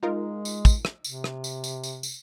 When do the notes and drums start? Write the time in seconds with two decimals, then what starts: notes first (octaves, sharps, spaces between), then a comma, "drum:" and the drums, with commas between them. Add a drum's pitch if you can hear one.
0.03 G#3 D#4 F4 A#4
0.45 drum: tambourine
0.65 drum: kick, tambourine
0.85 drum: rim click
1.04 C3, drum: tambourine
1.24 drum: rim click
1.44 drum: tambourine
1.64 drum: tambourine
1.83 drum: tambourine
2.03 drum: tambourine